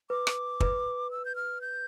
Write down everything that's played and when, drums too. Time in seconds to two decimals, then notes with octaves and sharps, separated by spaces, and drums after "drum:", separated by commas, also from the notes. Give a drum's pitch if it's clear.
0.10 B4 D6
0.27 drum: rim click
0.60 B4, drum: kick
1.11 E6
1.25 G6
1.35 F6
1.61 G6